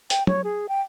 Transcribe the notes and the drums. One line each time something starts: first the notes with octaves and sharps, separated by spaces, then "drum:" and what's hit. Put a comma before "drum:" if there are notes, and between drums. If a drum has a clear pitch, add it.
G5, drum: hi-hat
C#5, drum: tom
G#4
G5